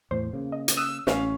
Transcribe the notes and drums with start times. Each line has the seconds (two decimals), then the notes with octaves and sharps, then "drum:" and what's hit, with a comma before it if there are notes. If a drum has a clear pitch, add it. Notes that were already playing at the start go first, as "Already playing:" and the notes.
0.11 E2 A2 C5
0.33 C#3 A#3
0.52 D#5
0.68 drum: hi-hat
0.77 D#6 E6 F#6 E7
1.07 A1 C#4 F5, drum: snare